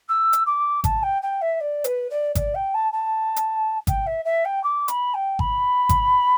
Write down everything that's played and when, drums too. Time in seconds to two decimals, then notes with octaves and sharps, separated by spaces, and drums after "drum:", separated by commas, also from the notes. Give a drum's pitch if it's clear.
0.08 E6
0.33 drum: hi-hat
0.46 D6
0.84 A5, drum: kick G#1, hi-hat
1.02 G5
1.22 G5
1.41 E5
1.60 D5
1.84 B4, drum: hi-hat
2.10 D5
2.35 D5, drum: kick G#1, hi-hat
2.54 G5
2.74 A5
2.92 A5
3.36 drum: hi-hat
3.87 G5, drum: kick G#1, hi-hat
4.06 E5
4.24 E5
4.44 G5
4.63 D6
4.88 B5, drum: hi-hat
5.14 G5
5.39 B5, drum: kick G#1
5.89 drum: kick G#1, hi-hat